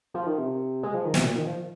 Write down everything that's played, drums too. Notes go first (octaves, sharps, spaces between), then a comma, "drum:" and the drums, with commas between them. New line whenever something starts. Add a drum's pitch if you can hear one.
F3
D#3
C3
G#3
F3
D#3
C3, drum: snare
A#2
D#3
F3